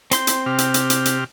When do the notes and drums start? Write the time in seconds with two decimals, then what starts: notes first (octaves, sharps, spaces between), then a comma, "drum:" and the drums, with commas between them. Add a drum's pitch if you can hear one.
0.11 C4 C6 G6, drum: hi-hat
0.27 drum: hi-hat
0.46 C3 G4 F6
0.58 drum: hi-hat
0.74 drum: hi-hat
0.90 drum: hi-hat
1.05 drum: hi-hat